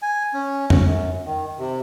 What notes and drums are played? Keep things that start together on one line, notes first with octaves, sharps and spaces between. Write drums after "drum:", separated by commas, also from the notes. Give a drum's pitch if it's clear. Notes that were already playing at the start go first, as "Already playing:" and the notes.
G#5
C#4
C#4, drum: tom F2
F#2
D#3
C3